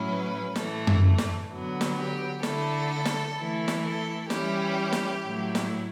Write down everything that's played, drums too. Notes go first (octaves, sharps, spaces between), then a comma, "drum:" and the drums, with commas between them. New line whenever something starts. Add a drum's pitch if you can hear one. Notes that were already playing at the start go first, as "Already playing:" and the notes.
Already playing: A2 F#3 C#4 E4
B4
A2 E3 A3 A4, drum: snare
drum: tom F#2
drum: snare
D3 F#3 B3
drum: snare
G4
D3 A3 E4 A4, drum: snare
drum: snare
E3 A3 E4
drum: snare
A4
E3 G3 C#4 E4 G4, drum: snare
drum: snare
A2 F#3 A3 E4
drum: snare